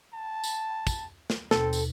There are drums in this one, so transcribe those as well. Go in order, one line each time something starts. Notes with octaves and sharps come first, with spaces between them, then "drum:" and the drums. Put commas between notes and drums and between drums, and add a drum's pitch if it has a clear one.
A5
drum: tambourine
drum: kick, tambourine
drum: snare
D#2 B2 C4 A4, drum: snare
drum: tambourine